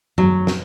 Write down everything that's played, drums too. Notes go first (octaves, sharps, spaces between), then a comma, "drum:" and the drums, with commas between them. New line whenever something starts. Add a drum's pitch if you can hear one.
F#3, drum: tom F#2
drum: snare